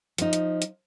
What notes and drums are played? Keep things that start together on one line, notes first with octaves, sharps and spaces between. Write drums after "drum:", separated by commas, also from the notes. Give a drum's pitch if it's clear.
F3 D#4, drum: hi-hat
drum: hi-hat
drum: hi-hat